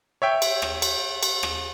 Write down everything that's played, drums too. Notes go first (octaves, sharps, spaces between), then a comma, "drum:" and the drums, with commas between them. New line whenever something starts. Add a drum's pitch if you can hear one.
C#5 E5 G5
drum: cymbal
drum: rim click
drum: cymbal
drum: cymbal
drum: rim click